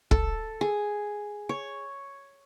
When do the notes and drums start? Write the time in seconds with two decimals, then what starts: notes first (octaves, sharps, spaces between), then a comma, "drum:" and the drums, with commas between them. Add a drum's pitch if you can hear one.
0.11 A4, drum: kick
0.61 G#4
1.49 C#5